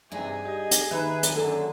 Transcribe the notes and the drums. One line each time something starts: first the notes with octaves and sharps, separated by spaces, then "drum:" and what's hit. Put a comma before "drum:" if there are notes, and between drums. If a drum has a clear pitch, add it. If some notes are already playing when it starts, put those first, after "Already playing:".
G2 C3 E3 D#4 G#4
G4 D#5
drum: hi-hat
D#3 A#3 D#4 B4 E5
drum: hi-hat
F#2 D3 A4